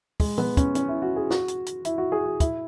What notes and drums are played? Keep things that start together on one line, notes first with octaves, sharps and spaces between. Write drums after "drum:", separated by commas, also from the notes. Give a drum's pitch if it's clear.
G#3, drum: kick, open hi-hat
B3, drum: tom
C#4, drum: kick, hi-hat
C#4, drum: hi-hat
E4
F#4
G#4
F#4, drum: snare
drum: hi-hat
drum: hi-hat
E4, drum: hi-hat
F#4
G#4
F#4
E4, drum: kick, hi-hat